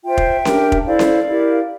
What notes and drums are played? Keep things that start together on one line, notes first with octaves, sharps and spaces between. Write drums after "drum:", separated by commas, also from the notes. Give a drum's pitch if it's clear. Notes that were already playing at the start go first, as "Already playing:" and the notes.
F4 C5 E5 G5
drum: kick
D4 G4 A#4, drum: snare C#4
drum: kick
E4 A4 C5 D5 F5
drum: snare C#4
E4 G4 A#4